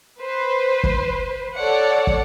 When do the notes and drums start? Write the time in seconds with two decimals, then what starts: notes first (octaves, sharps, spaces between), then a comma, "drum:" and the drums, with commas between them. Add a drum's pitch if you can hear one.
0.22 B4 C5
0.84 drum: kick
1.56 A4 C#5 D5 F#5
2.07 drum: kick